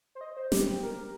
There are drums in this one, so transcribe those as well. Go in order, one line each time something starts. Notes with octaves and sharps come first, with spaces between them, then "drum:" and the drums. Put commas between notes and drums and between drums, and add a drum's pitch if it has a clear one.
C5
D#5
C5
G4, drum: snare
G4
A#4